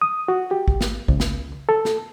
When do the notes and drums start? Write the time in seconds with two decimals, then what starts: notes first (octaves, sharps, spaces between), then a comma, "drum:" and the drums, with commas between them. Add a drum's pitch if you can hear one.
0.01 D#6
0.28 F#4
0.51 G4
0.68 drum: kick
0.81 drum: snare
1.08 C#2, drum: kick
1.20 drum: snare
1.69 A4
1.85 drum: snare